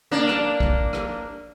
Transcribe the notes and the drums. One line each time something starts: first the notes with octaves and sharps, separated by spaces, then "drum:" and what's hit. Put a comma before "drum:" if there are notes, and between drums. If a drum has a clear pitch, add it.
A#3 D4
drum: rim click
drum: kick
drum: rim click